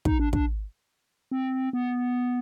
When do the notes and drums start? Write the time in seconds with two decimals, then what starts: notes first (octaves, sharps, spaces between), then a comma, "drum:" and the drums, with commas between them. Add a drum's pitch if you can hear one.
0.05 D#4, drum: kick
0.20 D4
0.33 D4, drum: kick
1.32 C4
1.73 B3